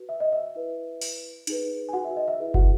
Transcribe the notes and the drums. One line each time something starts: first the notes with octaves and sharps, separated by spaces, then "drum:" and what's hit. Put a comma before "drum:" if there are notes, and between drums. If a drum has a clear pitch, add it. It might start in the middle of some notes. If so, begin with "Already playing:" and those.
Already playing: F#4 B4
E5
D#5
E5
E4 B4
drum: open hi-hat
D#4 G#4 B4, drum: hi-hat
G#5
F#4 F#5
E5
D#5
E5
E4 G#4 B4
F#4 F#5, drum: kick F#1